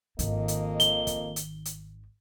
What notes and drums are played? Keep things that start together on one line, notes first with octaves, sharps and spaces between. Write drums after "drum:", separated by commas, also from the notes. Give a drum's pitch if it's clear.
G#1 F2 D#3 A#3 D#5, drum: hi-hat
drum: hi-hat
G7, drum: hi-hat
drum: kick, hi-hat
drum: hi-hat
drum: hi-hat